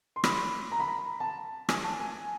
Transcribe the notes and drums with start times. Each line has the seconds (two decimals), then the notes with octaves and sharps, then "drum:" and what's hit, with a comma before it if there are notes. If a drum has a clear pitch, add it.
0.16 C6
0.24 B5, drum: rim click
0.72 A#5
0.80 B5
0.88 A#5
1.20 A5
1.69 G#5, drum: rim click
1.84 A5
2.00 G#5